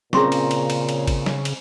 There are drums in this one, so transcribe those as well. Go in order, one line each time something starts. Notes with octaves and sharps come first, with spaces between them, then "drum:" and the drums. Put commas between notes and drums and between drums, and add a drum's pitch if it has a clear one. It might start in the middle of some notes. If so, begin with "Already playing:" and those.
A#2 C#3 C4 G#4 A#5 C6 C#6, drum: snare
drum: cymbal
drum: cymbal
drum: cymbal
drum: cymbal
drum: kick G#1, cymbal
drum: snare
drum: cymbal